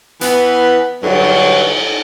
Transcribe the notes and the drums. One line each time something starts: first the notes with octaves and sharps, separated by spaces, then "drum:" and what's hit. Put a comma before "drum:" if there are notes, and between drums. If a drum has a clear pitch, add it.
E3 B3, drum: hi-hat
G2 D3 E3 F#3, drum: cymbal